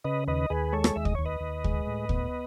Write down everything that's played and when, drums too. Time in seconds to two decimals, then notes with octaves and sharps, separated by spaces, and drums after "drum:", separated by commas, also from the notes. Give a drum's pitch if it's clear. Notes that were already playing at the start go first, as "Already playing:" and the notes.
0.04 C#3 B4 D#5
0.28 D#2 B4 D#5
0.50 D#2 G#4 B4
0.73 G#3 A4 C#5
0.84 drum: rim click
0.96 D#2 E5
1.05 D#5, drum: kick
1.15 D#2 C#5
1.26 B4 D#5
1.41 D#2
1.64 G#3, drum: kick
1.87 A2
2.09 B3, drum: kick